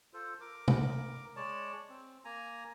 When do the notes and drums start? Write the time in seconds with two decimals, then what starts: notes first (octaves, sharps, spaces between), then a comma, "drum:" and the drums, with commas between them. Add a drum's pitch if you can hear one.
0.14 F4 A4 C5
0.41 A#4 D6
0.68 drum: tom C3
1.36 G#3 C#5 D5 A5
1.90 C4
2.25 A#3 G#5 A#5